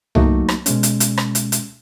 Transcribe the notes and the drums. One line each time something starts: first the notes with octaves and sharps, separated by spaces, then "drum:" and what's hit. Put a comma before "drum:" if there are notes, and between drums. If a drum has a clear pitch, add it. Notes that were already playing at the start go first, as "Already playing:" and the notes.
F#3 A3 A#3 D#4 F#4, drum: tom C2
drum: rim click
B2 G#3 C#4, drum: hi-hat
drum: hi-hat
drum: hi-hat
drum: rim click
drum: hi-hat
drum: hi-hat